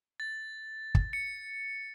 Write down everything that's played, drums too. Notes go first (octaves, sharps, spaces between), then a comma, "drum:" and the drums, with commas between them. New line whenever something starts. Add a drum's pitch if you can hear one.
A6
drum: kick
C#7